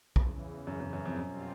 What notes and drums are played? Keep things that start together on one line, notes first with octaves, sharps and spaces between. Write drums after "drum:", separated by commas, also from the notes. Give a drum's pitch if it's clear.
E2 C#3 E3, drum: kick
F#2
F#2
F#2
F2
F#2 B2 G3 C4 F4